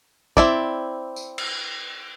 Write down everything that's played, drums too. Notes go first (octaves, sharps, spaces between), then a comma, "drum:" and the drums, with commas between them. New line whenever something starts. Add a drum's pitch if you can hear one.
C4 E4 D5, drum: kick
drum: tambourine
drum: cymbal